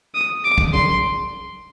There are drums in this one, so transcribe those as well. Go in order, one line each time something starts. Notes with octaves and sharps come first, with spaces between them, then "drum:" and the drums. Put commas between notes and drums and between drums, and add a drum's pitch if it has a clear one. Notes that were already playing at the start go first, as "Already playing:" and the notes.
D#6
D6
drum: kick
C6, drum: tom F#3